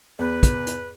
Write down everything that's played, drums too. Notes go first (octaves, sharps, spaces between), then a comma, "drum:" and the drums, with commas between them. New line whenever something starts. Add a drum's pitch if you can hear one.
E2 B4
drum: kick, hi-hat
drum: hi-hat